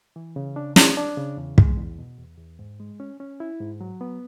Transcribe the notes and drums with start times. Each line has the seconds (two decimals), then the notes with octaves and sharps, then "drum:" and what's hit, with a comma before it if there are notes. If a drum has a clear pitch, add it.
0.16 E3
0.36 C#3
0.56 D4
0.76 D4, drum: snare
0.97 D4
1.17 C#3
1.37 E2
1.58 G#3, drum: kick
1.77 E2
1.99 B2
2.18 E2
2.38 E2
2.59 G#2
2.80 G#3
3.00 C#4
3.20 C#4
3.40 E4
3.60 G#2
3.81 F#3
4.01 B3